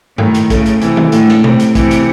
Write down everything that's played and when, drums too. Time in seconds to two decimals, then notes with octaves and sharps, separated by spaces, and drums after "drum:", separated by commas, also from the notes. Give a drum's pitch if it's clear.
0.18 A2 D#3, drum: tom G2
0.34 drum: hi-hat
0.50 C#3 A3, drum: kick, hi-hat
0.66 drum: hi-hat
0.82 C3 E3, drum: hi-hat
0.97 drum: tom D#3
1.12 A2 D3, drum: hi-hat
1.28 drum: snare
1.44 A2 C3, drum: tom B2
1.60 drum: hi-hat
1.75 C3 E3, drum: kick, hi-hat
1.91 drum: hi-hat